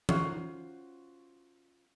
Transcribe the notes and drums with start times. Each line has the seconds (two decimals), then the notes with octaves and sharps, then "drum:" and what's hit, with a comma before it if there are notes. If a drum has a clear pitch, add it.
0.09 C#4 F4 F#4 C5, drum: tom E3